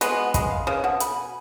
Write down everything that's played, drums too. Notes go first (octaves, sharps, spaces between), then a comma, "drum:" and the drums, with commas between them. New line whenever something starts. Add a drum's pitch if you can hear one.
G#3 B3 F#4, drum: hi-hat
F#5
G#3 B5, drum: kick, hi-hat
F5
C#3 B4
B2 F#5
B5, drum: hi-hat
G#5